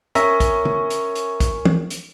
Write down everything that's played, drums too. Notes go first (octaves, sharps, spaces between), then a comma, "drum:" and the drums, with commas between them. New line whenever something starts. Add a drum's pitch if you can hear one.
C#4 A#4 E5 A#5 C#6, drum: hi-hat
drum: kick, hi-hat
drum: tom
drum: hi-hat
drum: hi-hat
drum: kick, hi-hat
drum: tom
drum: hi-hat